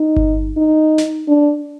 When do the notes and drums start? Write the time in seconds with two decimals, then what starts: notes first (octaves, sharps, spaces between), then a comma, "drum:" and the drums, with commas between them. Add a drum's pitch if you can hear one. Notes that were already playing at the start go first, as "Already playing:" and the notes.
Already playing: D#4
0.16 drum: kick G1
0.57 D#4
0.98 drum: snare
1.28 D4